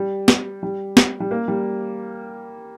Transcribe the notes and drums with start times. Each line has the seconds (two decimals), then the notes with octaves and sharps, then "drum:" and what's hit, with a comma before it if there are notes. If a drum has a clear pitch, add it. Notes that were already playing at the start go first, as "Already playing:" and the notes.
Already playing: G3
0.28 drum: snare
0.63 G3
0.97 drum: snare
1.20 G3
1.31 A#3
1.48 G3